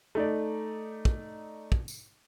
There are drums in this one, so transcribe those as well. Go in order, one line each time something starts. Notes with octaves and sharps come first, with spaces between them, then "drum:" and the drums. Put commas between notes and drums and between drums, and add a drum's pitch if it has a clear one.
A3 D#4 D5
drum: kick
drum: kick
drum: tambourine